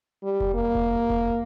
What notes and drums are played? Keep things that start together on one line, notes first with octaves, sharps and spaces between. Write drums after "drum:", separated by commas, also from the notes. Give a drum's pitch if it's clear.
G3
drum: kick F1
A#3
drum: kick F1
drum: kick F1